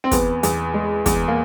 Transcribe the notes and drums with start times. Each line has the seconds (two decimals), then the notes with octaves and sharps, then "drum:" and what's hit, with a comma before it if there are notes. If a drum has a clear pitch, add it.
0.04 C4
0.11 E2 B3, drum: kick, hi-hat
0.43 E2, drum: hi-hat
0.74 G#3
1.06 E2, drum: kick, hi-hat
1.28 A#3